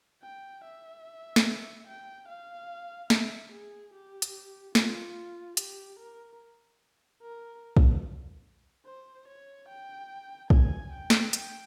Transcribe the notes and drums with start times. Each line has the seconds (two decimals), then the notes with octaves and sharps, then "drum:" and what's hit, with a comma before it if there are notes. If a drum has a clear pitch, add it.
0.23 G5
0.64 E5
1.36 drum: snare
1.87 G5
2.28 F5
3.10 E5, drum: snare
3.52 G#4
3.93 G4
4.22 drum: hi-hat
4.75 F4, drum: snare
5.57 G4, drum: hi-hat
5.99 A#4
7.22 A#4
7.77 drum: kick
8.86 C5
9.28 C#5
9.68 G5
10.50 G#5, drum: kick
10.93 G5
11.10 drum: snare
11.33 G5, drum: hi-hat